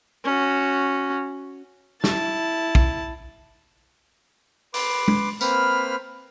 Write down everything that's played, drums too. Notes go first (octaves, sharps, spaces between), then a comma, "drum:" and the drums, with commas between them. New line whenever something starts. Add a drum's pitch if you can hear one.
C#4 F#4
E4 A5, drum: snare
drum: kick
B4 C6 D6, drum: open hi-hat
drum: tom
A#3 C4 B4 B5 F6, drum: tambourine